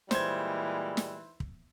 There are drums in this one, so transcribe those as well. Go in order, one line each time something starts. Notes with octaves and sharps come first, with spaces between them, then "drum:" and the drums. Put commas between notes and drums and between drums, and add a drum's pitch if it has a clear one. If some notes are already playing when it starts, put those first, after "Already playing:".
A#2 E3 G3 G#3 C5 G#6, drum: snare
drum: snare
drum: kick